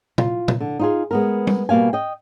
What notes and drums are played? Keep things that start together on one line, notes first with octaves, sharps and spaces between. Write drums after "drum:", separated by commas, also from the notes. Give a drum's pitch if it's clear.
F4, drum: tom
drum: tom
D3
D#4 F4 G#4
G#3 B3 A#4
drum: tom
B2 G3 A#3 F5 G#5
D#5 G5